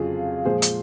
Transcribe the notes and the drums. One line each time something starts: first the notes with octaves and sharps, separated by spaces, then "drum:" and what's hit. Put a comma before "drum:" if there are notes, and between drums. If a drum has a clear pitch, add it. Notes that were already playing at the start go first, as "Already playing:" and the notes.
Already playing: F2 C#3 F#3 F4 G#4
A#2 F3 G#3 G#4 C5
drum: hi-hat